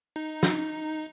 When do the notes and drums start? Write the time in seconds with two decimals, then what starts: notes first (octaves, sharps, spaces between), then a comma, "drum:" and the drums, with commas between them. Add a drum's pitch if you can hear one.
0.16 D#4
0.43 drum: snare